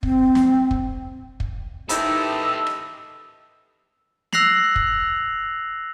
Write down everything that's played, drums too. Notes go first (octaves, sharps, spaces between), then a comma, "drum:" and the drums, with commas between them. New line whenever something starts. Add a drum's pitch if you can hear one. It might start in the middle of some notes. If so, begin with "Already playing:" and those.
C4, drum: kick
drum: snare
drum: kick
drum: kick
D#3 E4 G4 A4 B4 D#5 A5 E6, drum: hi-hat
drum: rim click
E6 F#6 A#6 C7 F7 F#7, drum: snare
drum: kick